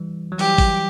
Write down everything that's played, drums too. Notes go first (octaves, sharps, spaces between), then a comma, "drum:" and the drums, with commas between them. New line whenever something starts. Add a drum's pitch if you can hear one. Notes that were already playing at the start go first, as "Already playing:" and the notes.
Already playing: E3 G3
F#3
E3 G3 G4, drum: open hi-hat
drum: kick, open hi-hat